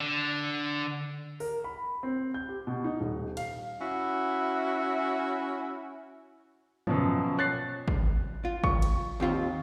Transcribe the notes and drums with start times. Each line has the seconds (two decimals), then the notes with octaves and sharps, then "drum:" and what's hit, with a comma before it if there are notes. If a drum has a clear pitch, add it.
0.01 D3
1.40 A#4, drum: open hi-hat
1.64 B5
2.03 C4
2.34 G6
2.48 G4
2.67 B2
2.84 D#4
3.00 D#1
3.37 F5, drum: cymbal
3.80 C#4 E4 F#4
6.87 F#2 B2 F3, drum: tom
7.39 C#5 F#6 A6 C7
7.88 drum: kick G#1
8.45 F4
8.64 C#6, drum: kick G#1
8.82 drum: cymbal
9.20 D#2 C4 F4